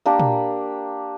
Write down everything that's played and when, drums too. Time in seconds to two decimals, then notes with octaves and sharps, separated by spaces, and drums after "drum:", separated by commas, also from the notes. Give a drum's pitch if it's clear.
0.06 A#3 D4 G4 A#4
0.20 drum: tom A#2